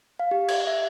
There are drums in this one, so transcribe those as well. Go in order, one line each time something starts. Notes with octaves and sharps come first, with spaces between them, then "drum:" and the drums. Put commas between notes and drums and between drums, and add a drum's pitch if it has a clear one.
F5
G4
G#6, drum: cymbal
E5